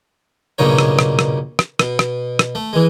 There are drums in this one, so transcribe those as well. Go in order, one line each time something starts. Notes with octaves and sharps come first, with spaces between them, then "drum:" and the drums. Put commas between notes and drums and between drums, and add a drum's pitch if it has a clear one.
B1 G2 A#2 C#3 D#4 C#5
drum: rim click
drum: rim click
drum: rim click
drum: rim click
B2, drum: rim click
drum: rim click
drum: rim click
A3
E3 G#3